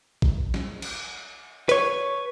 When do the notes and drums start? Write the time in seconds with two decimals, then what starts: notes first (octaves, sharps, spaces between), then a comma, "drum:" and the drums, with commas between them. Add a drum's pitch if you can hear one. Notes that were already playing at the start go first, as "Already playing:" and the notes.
0.22 drum: kick A1
0.54 drum: snare
0.82 drum: cymbal
1.69 B4 C#5, drum: hi-hat